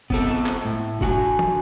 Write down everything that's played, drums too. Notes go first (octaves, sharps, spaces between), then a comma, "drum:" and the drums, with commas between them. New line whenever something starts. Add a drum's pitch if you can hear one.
B3 C4 A4, drum: kick
drum: clap
A2
D4 F#4 F#5 G#5, drum: kick
drum: tom